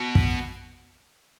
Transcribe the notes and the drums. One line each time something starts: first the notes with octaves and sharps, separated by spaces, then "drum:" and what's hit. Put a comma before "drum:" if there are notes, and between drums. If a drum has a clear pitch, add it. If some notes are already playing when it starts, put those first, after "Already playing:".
Already playing: B2
drum: kick